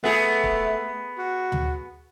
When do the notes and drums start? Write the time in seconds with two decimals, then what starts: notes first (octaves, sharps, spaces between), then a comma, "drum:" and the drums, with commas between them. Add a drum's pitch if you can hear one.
0.04 A3 B3 G#4
0.44 drum: kick
1.18 F#4
1.52 drum: tom D2